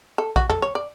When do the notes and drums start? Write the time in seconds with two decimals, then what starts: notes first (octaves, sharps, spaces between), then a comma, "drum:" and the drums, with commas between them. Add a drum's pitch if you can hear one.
0.18 A4
0.36 F#4, drum: kick A#1
0.50 A4, drum: tom
0.62 C#5
0.75 D5